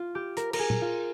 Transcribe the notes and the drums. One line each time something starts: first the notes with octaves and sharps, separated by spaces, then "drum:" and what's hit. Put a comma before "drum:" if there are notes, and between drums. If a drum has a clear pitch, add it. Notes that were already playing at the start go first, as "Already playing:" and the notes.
Already playing: F4
G4
A#4, drum: hi-hat
A#4, drum: cymbal
G#4
drum: tom A#2
F4